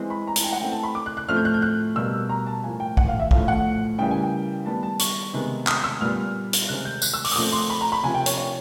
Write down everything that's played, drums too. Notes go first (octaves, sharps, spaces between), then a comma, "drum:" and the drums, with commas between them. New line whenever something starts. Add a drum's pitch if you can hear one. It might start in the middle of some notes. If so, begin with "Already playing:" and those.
Already playing: E3 G#3 C4
B5
A#5
A5, drum: hi-hat
G5
F#5
E3 A3 C4 G5
A5
B5
D6
F#6
F#6
A2 F3 A3 C4 F6
G6
F#6
G6
F#6
B2 G3 A#3 E6
A#5
A5
A2 F3 A#3 G#5
G5
F#5, drum: kick
F5
E5
A2 F3 A3 F5, drum: kick
F#5
C#3 E3 G3 A#3 G5
G#5
G5
D#3 G3 B3 A5
A5
C#6, drum: hi-hat
C3 D#3 G#3 B3
D#6, drum: clap
E6
A#2 G3 B3 F6
drum: hi-hat
C3 D#3 G#3 C4 F#6
G6
F#6, drum: tambourine
E6
D6, drum: open hi-hat
D#6
A#2 F3 A3 C4 D6
C6
B5
A#5
B5
C3 F3 A#3 G#5
G5
C#5, drum: hi-hat
C#5